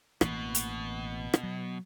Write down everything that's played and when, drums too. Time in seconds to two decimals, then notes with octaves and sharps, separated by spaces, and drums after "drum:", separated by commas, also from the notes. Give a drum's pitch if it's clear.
0.21 A1 B2 E3 A#3, drum: rim click
0.55 drum: hi-hat
1.34 drum: rim click
1.43 F#3